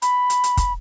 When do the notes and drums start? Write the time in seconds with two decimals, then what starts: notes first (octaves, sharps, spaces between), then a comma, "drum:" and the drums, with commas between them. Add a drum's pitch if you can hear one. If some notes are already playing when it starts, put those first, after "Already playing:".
0.02 B5, drum: hi-hat
0.30 drum: hi-hat
0.44 drum: hi-hat
0.57 drum: kick, hi-hat